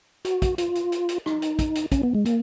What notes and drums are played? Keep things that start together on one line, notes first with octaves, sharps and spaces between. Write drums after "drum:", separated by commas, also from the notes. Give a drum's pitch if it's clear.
F#4, drum: hi-hat
drum: kick, hi-hat
F4, drum: hi-hat
drum: hi-hat
drum: hi-hat
drum: hi-hat
D#4, drum: rim click
drum: hi-hat
drum: kick, hi-hat
drum: hi-hat
C#4, drum: kick, hi-hat
B3
G#3
A#3, drum: hi-hat